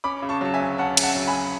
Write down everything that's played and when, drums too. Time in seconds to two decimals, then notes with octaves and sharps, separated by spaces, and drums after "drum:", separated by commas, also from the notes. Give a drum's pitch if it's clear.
0.04 C#4 B5 D6
0.22 C#3
0.29 A5 C#6
0.41 F#3 A5
0.54 E5 G#5
0.60 D2
0.78 C#4 F#5 A5
0.97 C#3, drum: cymbal
1.03 F#5 A5
1.15 F#3
1.27 G#5 B5